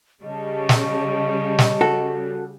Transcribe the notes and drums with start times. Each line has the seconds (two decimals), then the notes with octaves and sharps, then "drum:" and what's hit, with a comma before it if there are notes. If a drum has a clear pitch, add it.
0.23 C#3 G3 D#5 A5 C#6
0.69 drum: snare
1.59 drum: snare
1.81 F#4 A4